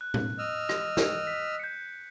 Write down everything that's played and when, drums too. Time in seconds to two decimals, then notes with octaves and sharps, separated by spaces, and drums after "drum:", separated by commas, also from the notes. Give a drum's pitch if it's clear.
0.01 F#6
0.14 drum: tom A2
0.39 D#5 E6 F6
0.69 drum: rim click
0.97 drum: snare
1.27 B6
1.59 G6 C#7